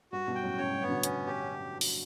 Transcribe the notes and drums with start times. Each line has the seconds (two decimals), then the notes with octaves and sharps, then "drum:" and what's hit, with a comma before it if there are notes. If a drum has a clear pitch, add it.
0.12 G2 F#4
0.28 G2 B2
0.35 G5
0.43 F#2 A2
0.58 A2 C#3 C#5
0.73 G2
0.81 B3
0.89 B2 D3
1.03 C#4, drum: hi-hat
1.27 G4
1.81 drum: open hi-hat